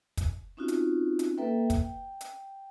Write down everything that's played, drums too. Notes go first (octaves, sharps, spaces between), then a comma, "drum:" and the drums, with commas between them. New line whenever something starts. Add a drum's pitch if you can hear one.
drum: kick, hi-hat
C4 C#4 D#4 F4 F#4
drum: hi-hat
drum: hi-hat
A#3 A4 B4 E5 G5
G5, drum: kick, hi-hat
drum: hi-hat